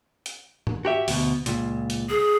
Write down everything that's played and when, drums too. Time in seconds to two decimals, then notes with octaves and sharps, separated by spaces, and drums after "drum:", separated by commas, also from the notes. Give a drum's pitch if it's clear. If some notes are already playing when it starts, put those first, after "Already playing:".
0.26 drum: hi-hat
0.67 drum: tom G#2
0.85 F#4 G4 E5
1.08 D2 B2, drum: open hi-hat
1.46 C#2 A#2, drum: hi-hat
1.90 drum: hi-hat
2.10 G#4